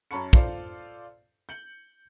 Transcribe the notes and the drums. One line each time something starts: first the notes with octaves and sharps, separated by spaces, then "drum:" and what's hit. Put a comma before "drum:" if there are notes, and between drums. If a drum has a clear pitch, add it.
F#2 C#4 A5 B5 C#6 C#7
F4 A4 C5 D5 F5, drum: kick
G6 C#7 F#7